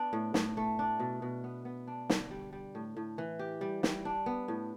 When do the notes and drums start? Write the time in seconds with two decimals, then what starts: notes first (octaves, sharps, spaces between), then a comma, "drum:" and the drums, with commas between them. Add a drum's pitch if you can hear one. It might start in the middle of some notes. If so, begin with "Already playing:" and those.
Already playing: B3 D4
0.13 A2
0.34 A2, drum: snare
0.57 A3
0.79 D4
0.99 B2
1.22 B2
1.44 B3
1.65 B3
1.87 D4
2.10 D3, drum: snare
2.31 G3
2.53 G3
2.75 A2
2.96 A2
3.18 E3
3.39 G4
3.61 G3
3.83 G3, drum: snare
4.05 D4
4.26 B3
4.48 A2